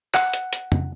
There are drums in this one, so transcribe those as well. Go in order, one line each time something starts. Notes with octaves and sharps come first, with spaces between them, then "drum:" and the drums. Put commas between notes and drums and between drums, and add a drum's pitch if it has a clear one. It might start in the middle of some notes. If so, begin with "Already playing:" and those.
F#5, drum: clap
drum: hi-hat
drum: hi-hat
drum: tom F2